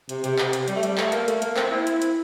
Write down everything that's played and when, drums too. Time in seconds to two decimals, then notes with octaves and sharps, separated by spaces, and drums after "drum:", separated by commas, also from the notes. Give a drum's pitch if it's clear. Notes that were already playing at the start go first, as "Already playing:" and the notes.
0.09 C3, drum: hi-hat
0.24 C3, drum: hi-hat
0.38 C3, drum: clap
0.53 drum: hi-hat
0.68 G3, drum: hi-hat
0.75 A3
0.83 G3, drum: hi-hat
0.98 A3, drum: clap
1.12 A#3, drum: hi-hat
1.28 A3, drum: hi-hat
1.42 A#3, drum: hi-hat
1.56 C4, drum: clap
1.71 E4
1.87 drum: hi-hat
2.02 drum: hi-hat